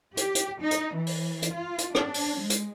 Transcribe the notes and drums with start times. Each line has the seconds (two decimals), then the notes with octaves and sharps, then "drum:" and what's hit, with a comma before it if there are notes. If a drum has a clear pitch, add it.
0.17 G4, drum: hi-hat
0.35 drum: hi-hat
0.61 D#4
0.71 drum: hi-hat
0.96 E3
1.07 drum: open hi-hat
1.42 drum: hi-hat
1.53 F4
1.78 drum: hi-hat
1.95 D4, drum: rim click
2.14 drum: open hi-hat
2.39 G#3
2.50 drum: hi-hat